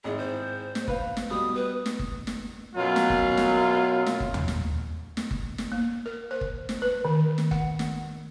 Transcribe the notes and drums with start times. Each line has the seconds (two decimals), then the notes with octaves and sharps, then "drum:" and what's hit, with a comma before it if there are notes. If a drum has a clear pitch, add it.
0.04 G#1 E4 G#4
0.17 C5
0.75 drum: snare
0.88 B4 F5, drum: kick G1
1.17 drum: snare
1.30 B2 G3 B5 D#6
1.55 B4
1.86 drum: snare
1.99 drum: kick G1
2.27 drum: snare
2.75 F#2 B2 F#3 F4
2.96 drum: snare
3.10 drum: kick G1
3.37 drum: snare
4.06 drum: snare
4.20 drum: kick G1
4.34 drum: tom
4.48 drum: snare
5.17 drum: snare
5.31 drum: kick G1
5.58 drum: snare
5.72 A#3
6.06 A#4
6.31 C5
6.41 drum: kick G1
6.69 drum: snare
6.82 B4
7.05 D#3
7.38 drum: snare
7.51 F#5, drum: kick G1
7.79 drum: snare